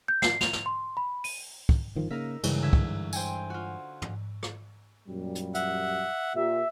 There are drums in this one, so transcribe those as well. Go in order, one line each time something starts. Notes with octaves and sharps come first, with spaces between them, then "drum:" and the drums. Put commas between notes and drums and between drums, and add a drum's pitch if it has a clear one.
G6
C7, drum: snare
F7, drum: snare
drum: snare
C6
B5
D#7, drum: open hi-hat
drum: kick
G1 D#3 F3
C#3 A#3 D#4 A#4 E5
G2 C#3 E3 G#3, drum: cymbal
D3 E5 G#6
drum: kick
C5 G5 G#5, drum: tambourine
F4 F#4
drum: tom
drum: rim click
F#2 A#2 G3
drum: hi-hat
E5 F#5, drum: hi-hat
A#2 G4 E5